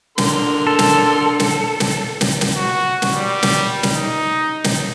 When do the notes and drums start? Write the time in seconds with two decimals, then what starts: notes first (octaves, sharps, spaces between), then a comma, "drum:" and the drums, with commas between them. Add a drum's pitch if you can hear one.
0.18 D3 A#4 C6, drum: snare
0.67 A4
0.79 drum: snare
1.40 drum: snare
1.80 drum: snare
2.21 drum: snare
2.41 drum: snare
2.56 F#4
3.02 drum: snare
3.14 G3
3.43 drum: snare
3.83 drum: snare
3.95 D#4
4.64 drum: snare